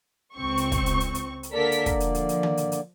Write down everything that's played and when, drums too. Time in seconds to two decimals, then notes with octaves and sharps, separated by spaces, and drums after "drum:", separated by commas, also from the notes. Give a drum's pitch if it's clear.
0.36 C#2 C4 C#6
0.57 drum: hi-hat
0.72 drum: kick, hi-hat
0.86 drum: hi-hat
1.00 drum: hi-hat
1.15 drum: hi-hat
1.43 drum: hi-hat
1.53 D3 A#3 A4 A#4 D5 B6
1.72 drum: hi-hat
1.86 drum: kick, hi-hat
2.00 F3, drum: hi-hat
2.15 drum: hi-hat
2.29 drum: hi-hat
2.43 drum: tom D#3
2.57 drum: hi-hat
2.72 drum: hi-hat